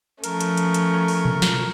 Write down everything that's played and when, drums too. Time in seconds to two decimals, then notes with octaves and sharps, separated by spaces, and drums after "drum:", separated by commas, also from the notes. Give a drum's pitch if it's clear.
0.24 F3 A3 C#4 A#4, drum: hi-hat
0.41 drum: hi-hat
0.57 drum: hi-hat
0.74 drum: hi-hat
1.08 drum: open hi-hat
1.25 drum: tom B2
1.42 drum: snare